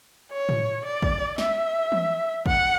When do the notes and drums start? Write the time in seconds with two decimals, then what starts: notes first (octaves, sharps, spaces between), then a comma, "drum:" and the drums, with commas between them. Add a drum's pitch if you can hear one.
0.32 C#5
0.49 drum: tom A2
0.85 D5
1.02 drum: kick
1.38 E5, drum: snare
1.92 drum: tom E3
2.46 F#5, drum: kick